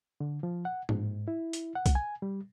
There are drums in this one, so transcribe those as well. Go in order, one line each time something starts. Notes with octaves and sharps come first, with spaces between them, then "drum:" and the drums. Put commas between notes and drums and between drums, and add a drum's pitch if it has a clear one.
D3
F3
F#5
G#2, drum: tom A2
E4
drum: hi-hat
F#5
drum: kick, hi-hat
G#5
G3